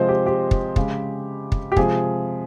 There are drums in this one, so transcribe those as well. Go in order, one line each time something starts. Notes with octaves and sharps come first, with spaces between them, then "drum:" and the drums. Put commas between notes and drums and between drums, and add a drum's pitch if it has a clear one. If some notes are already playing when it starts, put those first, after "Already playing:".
Already playing: C3 F3 G#3 C5 D#5
G4
G4
drum: kick
C#3 G#3, drum: kick
drum: kick
G4
C3 F3 G#3 G#4, drum: kick